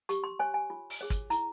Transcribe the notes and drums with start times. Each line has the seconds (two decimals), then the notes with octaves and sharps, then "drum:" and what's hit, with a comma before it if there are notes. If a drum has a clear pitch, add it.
0.09 G4 C#6, drum: hi-hat
0.24 C6
0.39 C#5 G#5
0.54 G#5
0.70 F4
0.90 drum: open hi-hat
1.01 G#4 C#5
1.10 drum: kick, hi-hat
1.30 E4 A#5, drum: hi-hat